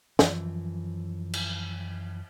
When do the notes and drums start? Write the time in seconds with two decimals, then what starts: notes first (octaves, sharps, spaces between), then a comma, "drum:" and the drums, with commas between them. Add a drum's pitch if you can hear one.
0.19 F#2 E3 F3, drum: snare
1.33 drum: cymbal